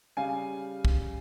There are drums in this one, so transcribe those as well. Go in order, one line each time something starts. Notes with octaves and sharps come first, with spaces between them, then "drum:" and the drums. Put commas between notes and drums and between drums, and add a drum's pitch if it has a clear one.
C#3 G3 F5 G#5
drum: kick